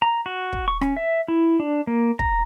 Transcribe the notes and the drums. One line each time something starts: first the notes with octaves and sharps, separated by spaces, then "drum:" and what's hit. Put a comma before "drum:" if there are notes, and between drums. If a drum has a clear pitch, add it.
A#5
F#4
drum: kick
C#6
C#4, drum: rim click
E5
E4
D4
A#3
A#5, drum: kick